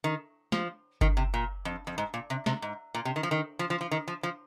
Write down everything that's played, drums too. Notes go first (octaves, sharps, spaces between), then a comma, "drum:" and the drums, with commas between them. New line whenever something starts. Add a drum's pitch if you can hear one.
D#3
F3, drum: snare
D#3, drum: kick G1
C3
A#2
F2
F2
G#2
A#2
C3
C3, drum: snare
G#2
A#2
C3
D#3
F3
D#3
F3
F3
F3
D#3
F3
F3